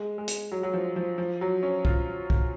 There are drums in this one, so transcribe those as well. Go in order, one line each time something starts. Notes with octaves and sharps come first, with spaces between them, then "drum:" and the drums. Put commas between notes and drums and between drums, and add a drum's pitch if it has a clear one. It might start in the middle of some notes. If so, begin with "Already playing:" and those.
Already playing: G#3
G#3
drum: hi-hat
F#3
F#3
F3
F3
F3
F#3
C#4
F4, drum: kick B1
drum: kick B1